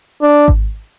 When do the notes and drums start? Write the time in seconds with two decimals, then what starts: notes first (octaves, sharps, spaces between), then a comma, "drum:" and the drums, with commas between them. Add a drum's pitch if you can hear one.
0.22 D4
0.48 drum: kick G#1